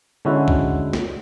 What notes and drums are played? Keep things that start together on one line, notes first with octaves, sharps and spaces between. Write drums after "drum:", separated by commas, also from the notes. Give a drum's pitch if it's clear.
D3 G#3 C#4 E4 F#4
drum: kick B1
drum: snare